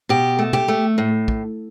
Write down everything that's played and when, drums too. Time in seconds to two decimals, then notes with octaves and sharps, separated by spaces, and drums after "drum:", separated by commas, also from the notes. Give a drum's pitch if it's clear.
0.09 B2 G4
0.39 A3
0.53 G4, drum: tom
0.68 A3
0.98 A2
1.28 drum: kick